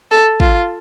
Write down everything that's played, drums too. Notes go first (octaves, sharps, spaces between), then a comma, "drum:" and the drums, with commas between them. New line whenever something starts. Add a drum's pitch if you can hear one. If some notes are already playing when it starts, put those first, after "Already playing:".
A4
F4, drum: kick